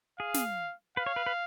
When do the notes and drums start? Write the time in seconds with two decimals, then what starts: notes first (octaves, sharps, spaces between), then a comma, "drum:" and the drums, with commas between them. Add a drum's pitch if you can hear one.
0.19 G#4 F5
0.34 drum: snare
0.97 B4 F5
1.06 C#5
1.16 B4
1.26 B4